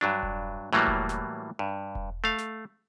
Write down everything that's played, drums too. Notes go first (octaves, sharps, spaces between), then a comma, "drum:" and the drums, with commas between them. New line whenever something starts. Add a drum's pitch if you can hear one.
G2 F#3 D4
drum: kick E1
A2 E3 F#3 G3 A#3
drum: kick E1
drum: snare
G2
drum: kick E1
A3 F5
drum: snare